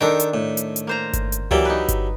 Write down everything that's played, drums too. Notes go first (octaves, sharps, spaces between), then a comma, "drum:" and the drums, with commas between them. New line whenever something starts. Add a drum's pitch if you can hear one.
D#3 D4 A4 A#4 G5
drum: hi-hat
A2
drum: hi-hat
drum: hi-hat
A#3 C5 A#5
drum: kick G1, hi-hat
drum: hi-hat
E3 F#3 A#3 E4 G4 D5, drum: tom C#2
D#4 B4
drum: kick G1, hi-hat